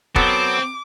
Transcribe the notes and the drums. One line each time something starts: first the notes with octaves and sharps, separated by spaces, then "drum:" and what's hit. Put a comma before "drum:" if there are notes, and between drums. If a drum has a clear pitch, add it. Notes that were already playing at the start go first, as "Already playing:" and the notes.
F#3 B3 C4 A4 D6, drum: kick